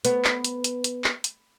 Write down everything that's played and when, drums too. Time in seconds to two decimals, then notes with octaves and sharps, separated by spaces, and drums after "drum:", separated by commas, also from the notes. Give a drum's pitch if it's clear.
0.05 B3, drum: hi-hat
0.25 drum: clap
0.44 drum: hi-hat
0.64 drum: hi-hat
0.84 drum: hi-hat
1.04 drum: clap
1.24 drum: hi-hat